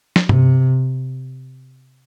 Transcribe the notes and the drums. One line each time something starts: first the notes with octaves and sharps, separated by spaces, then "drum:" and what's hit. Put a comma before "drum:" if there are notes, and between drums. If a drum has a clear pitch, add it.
drum: snare
C3, drum: tom G2